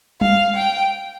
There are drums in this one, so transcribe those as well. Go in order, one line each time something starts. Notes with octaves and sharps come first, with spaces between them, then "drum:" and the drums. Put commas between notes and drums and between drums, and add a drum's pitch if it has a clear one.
F5, drum: tom G3
G5